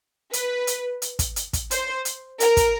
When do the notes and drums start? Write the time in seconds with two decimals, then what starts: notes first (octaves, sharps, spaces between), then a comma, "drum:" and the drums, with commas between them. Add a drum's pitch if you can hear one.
0.33 B4, drum: hi-hat
0.67 drum: hi-hat
1.02 drum: hi-hat
1.19 drum: kick, hi-hat
1.36 drum: hi-hat
1.53 drum: kick, hi-hat
1.71 C5, drum: hi-hat
2.05 drum: hi-hat
2.40 A#4, drum: hi-hat
2.57 drum: kick, hi-hat